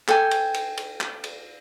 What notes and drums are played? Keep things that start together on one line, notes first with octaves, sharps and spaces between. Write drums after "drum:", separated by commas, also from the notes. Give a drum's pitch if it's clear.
A4 G5 G#5, drum: clap
drum: cymbal
drum: cymbal
drum: cymbal
drum: clap
drum: cymbal